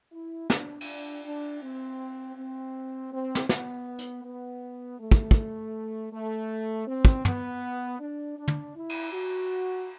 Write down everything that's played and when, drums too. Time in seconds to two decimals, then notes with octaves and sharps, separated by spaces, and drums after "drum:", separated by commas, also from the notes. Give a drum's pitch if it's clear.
0.13 E4
0.50 D4, drum: snare
0.81 drum: cymbal
1.25 D4
1.62 C4
2.37 C4
3.13 C4
3.35 drum: snare
3.49 B3, drum: snare
3.99 drum: hi-hat
4.25 B3
4.99 A3
5.11 drum: kick
5.31 drum: kick
6.12 A3
6.87 C4
7.05 drum: kick
7.25 B3, drum: tom
8.00 D4
8.38 D4
8.48 drum: tom
8.75 E4
8.89 drum: cymbal
9.12 F#4